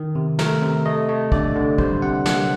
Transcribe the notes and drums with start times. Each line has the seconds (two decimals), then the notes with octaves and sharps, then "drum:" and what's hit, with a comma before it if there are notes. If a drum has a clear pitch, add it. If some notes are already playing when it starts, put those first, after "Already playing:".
Already playing: D#3
0.15 C3
0.39 A3 A#4, drum: snare
0.62 C3
0.86 A3 D#5
1.09 A3
1.32 D3 D5, drum: kick
1.56 D3
1.78 G3 C5, drum: kick
2.02 C3 F#5
2.26 A#3 F#5, drum: snare